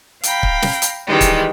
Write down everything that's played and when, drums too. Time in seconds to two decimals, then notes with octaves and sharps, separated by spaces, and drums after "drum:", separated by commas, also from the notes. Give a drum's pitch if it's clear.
0.23 F5 G5 A#5 B5, drum: hi-hat
0.43 drum: kick C#1
0.62 drum: snare
0.82 drum: hi-hat
1.06 D#3 E3 G3 G#3 G4
1.21 drum: kick C#1, hi-hat